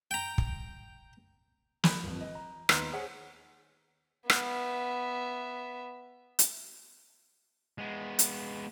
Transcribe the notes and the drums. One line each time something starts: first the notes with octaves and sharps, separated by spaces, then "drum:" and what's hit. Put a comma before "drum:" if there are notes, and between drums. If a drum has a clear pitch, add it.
G5 A#5
drum: kick
B5 F#6 G6, drum: snare
G1 F2
D#5
A#5
D#2 B3 D#4 A#5 C6 B6, drum: rim click
G#4 C5 C#5 F#5 G#5
B3 E5, drum: rim click
drum: hi-hat
G#3 B3
drum: hi-hat